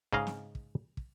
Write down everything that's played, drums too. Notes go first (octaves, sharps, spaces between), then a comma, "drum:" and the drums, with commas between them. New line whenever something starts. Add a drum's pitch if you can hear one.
G#2 C#3 G#4 D#5 F5, drum: kick
drum: snare
drum: kick
drum: kick